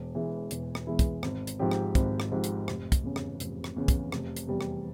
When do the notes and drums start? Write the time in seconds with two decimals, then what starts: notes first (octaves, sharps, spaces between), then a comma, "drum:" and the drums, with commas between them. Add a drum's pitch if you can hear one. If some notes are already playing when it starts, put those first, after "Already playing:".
Already playing: E1
0.15 E2 E3 G#3 E4
0.51 E1, drum: hi-hat
0.75 drum: rim click
0.87 E2 E3 G#3 E4
0.99 drum: kick, hi-hat
1.23 G#1, drum: rim click
1.47 drum: hi-hat
1.59 G#2 F3 C4 G4
1.71 drum: rim click
1.95 G#1, drum: kick, hi-hat
2.20 drum: rim click
2.31 G#2 F3 C4 G4
2.44 drum: hi-hat
2.68 F1, drum: rim click
2.92 drum: kick, hi-hat
3.04 E2 C#3
3.16 drum: rim click
3.40 F1, drum: hi-hat
3.64 drum: rim click
3.76 E2 C#3
3.88 drum: kick, hi-hat
4.12 F1, drum: rim click
4.36 drum: hi-hat
4.48 E2 C3 G3
4.61 drum: rim click